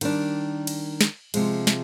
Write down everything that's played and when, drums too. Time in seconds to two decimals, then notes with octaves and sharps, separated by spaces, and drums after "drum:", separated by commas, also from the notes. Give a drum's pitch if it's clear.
0.01 D#3 G3 D4, drum: cymbal
0.67 drum: cymbal
1.01 drum: snare
1.34 C3 F3 G#3, drum: cymbal
1.67 drum: snare